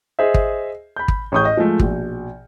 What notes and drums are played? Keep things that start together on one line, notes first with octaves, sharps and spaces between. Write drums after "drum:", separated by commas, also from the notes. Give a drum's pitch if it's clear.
G#4 C5 D#5 E5
drum: kick
B5 G6
drum: kick
A1 C#4 G#4 C#6 D#6 G6
D#5
F3 G#3 A3
A#1 B2, drum: kick